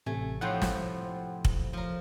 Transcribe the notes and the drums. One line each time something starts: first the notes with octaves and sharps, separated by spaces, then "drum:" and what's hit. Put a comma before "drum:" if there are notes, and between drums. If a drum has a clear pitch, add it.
A1 C3 A3 G#5
A2 C3 F3 F#5 G5 C6
drum: snare
drum: kick
F3 A#4